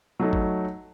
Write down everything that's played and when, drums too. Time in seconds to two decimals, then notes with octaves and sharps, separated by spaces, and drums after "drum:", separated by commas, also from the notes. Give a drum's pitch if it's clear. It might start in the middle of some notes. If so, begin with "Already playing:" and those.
0.20 F#3 A3 D#4
0.33 drum: kick G1